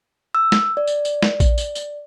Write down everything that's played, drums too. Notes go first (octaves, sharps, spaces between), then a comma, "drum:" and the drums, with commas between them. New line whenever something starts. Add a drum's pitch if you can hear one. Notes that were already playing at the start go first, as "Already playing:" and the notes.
E6
drum: snare
D5
drum: tambourine
drum: tambourine
drum: snare
drum: kick A#1, tambourine
drum: tambourine
drum: tambourine